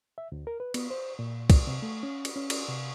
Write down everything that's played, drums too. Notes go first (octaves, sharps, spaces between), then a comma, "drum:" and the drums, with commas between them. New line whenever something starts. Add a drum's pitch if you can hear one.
E5
D2
A#4
B4
B3, drum: cymbal
C5
A#2
drum: kick, cymbal
C3
A3
C#4
drum: cymbal
C#4
drum: cymbal
C3